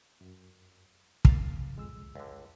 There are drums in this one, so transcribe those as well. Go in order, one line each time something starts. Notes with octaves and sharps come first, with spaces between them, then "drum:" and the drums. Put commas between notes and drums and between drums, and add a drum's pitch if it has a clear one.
F#2
A#3 F5 A6, drum: kick
F2 G#3 E6
C#2 D3